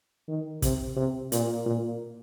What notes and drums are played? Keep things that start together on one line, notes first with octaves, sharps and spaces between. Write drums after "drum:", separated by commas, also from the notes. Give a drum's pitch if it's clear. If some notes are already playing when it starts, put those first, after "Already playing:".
D#3
C3, drum: kick, hi-hat
C3
A#2, drum: hi-hat
A#2